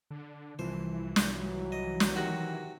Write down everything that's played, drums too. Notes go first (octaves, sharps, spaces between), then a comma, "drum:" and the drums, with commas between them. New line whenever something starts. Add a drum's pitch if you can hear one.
D3
C2 E3 F3 C5
drum: snare
F#3
D#5
drum: snare
C3 D#3 C4 F#4 F#6 A#6